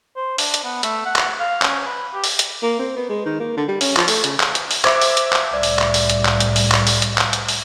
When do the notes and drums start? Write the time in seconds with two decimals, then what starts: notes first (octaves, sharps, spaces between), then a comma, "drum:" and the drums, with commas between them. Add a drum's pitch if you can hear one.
0.16 C5
0.38 D4, drum: open hi-hat
0.54 drum: hi-hat
0.64 B3
0.83 A3, drum: hi-hat
1.06 F#5
1.16 drum: clap
1.39 F5
1.62 C#4, drum: clap
1.86 B4
2.14 G4
2.24 drum: open hi-hat
2.39 drum: hi-hat
2.63 A#3
2.79 C4
2.96 B3
3.10 G#3
3.26 D#3
3.40 A#3
3.57 D3
3.68 G3
3.81 C#4, drum: open hi-hat
3.96 F3, drum: clap
4.08 A3, drum: open hi-hat
4.24 C#3, drum: hi-hat
4.40 drum: clap
4.55 drum: hi-hat
4.71 drum: open hi-hat
4.84 C5 E5 D6 G#6, drum: clap
5.01 drum: open hi-hat
5.17 drum: hi-hat
5.32 drum: clap
5.54 C2 A2 D5
5.63 drum: open hi-hat
5.79 drum: clap
5.94 drum: open hi-hat
6.10 drum: hi-hat
6.25 drum: clap
6.40 drum: hi-hat
6.56 drum: open hi-hat
6.71 drum: clap
6.87 drum: open hi-hat
7.02 drum: hi-hat
7.18 drum: clap
7.33 drum: hi-hat
7.48 drum: open hi-hat